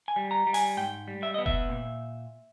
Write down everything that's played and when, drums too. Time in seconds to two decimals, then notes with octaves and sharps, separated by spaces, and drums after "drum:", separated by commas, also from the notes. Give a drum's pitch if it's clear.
0.08 G#5
0.16 G3
0.31 A#5
0.47 G3
0.54 G#5, drum: open hi-hat
0.77 G#2 G5
1.08 G3
1.23 E5
1.34 B3 D#5
1.46 E5, drum: kick F1
1.69 A#2